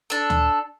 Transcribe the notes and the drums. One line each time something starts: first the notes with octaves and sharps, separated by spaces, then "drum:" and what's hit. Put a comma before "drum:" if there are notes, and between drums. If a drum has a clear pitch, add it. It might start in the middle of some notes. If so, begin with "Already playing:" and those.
D4 A4
drum: tom D2